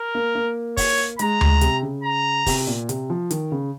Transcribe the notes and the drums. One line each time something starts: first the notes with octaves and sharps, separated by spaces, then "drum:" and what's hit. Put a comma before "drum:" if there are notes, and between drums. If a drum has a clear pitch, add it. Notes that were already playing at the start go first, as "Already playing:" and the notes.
Already playing: A#4
A#3
A#3
C#5, drum: kick, open hi-hat
G#3 A#5, drum: hi-hat
G#3, drum: tom D2
C3, drum: hi-hat
C#3
A#5
C3, drum: kick, open hi-hat
A#2
C3, drum: hi-hat
F3
D#3, drum: hi-hat
C#3